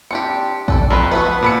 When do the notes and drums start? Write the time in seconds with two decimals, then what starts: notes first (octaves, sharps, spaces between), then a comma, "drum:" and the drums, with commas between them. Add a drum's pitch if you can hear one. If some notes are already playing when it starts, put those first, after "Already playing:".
0.11 C4 D4 G4 C#7
0.68 D4 A4 D5, drum: kick
0.90 F2 A#3 C4 B4
1.11 A3 B3 F#4 B4
1.43 A#2 B5 C#7